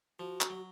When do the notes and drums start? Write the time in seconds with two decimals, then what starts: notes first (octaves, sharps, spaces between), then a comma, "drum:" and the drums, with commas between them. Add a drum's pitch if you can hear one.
0.19 F3 F#4
0.41 drum: clap
0.50 F#3